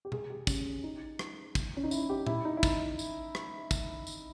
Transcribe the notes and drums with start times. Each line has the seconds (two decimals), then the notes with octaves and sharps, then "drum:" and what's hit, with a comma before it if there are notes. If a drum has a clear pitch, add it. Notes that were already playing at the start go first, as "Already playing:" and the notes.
0.05 G4
0.12 G#4, drum: tom B2
0.30 G4
0.47 C#4, drum: kick, tambourine
0.83 D#4
1.19 drum: rim click
1.55 drum: kick, tambourine
1.77 C#4
1.83 D#4
1.91 E4, drum: tambourine
2.09 G4
2.27 E4, drum: tom A#2
2.45 D#4
2.57 E4
2.63 D#4, drum: kick, tambourine
2.99 drum: tambourine
3.35 drum: rim click
3.71 drum: kick, tambourine
4.07 drum: tambourine